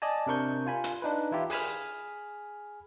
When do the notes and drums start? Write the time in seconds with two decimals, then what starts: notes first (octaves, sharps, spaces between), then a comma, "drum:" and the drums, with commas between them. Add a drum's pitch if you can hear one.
0.02 D5 D#5 G#5 A5
0.26 C3 D4 A#4 C#6 G6
0.66 F4 G#5 B5
0.84 drum: hi-hat
1.02 D4 D#4 B4
1.31 E3 E4 F4 G4
1.50 G#4 G#5 B5 F6, drum: open hi-hat